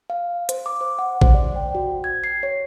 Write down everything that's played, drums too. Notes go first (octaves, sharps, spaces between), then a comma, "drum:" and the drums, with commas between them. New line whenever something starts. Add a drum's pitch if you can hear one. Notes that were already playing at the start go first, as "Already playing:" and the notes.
F5
C5, drum: hi-hat
D6
C5
F#5
C5, drum: kick A1
D5
G5
F#4
G#6
C7
C#5